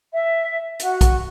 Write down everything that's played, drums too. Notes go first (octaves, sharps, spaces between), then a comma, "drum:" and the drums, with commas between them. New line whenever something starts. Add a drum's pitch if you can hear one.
E5
F#4, drum: hi-hat
drum: kick, hi-hat